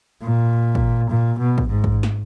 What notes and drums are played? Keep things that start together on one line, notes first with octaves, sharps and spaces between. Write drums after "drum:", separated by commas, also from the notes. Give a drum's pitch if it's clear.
A#2
drum: kick
A#2
B2
drum: kick
G#2
drum: kick
drum: snare